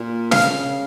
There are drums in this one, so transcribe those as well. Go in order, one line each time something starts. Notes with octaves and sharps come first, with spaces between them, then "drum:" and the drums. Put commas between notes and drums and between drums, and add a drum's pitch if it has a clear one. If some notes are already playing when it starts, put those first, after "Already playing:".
Already playing: A#2
C#3 F5, drum: snare